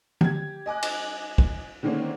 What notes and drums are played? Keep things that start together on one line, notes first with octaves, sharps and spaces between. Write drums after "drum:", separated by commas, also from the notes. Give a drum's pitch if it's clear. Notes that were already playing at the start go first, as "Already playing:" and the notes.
G4 G#6, drum: tom
D#5 G#5 D6 F#6
drum: cymbal
drum: kick
D3 D#3 G#3 A#3 C4 C#4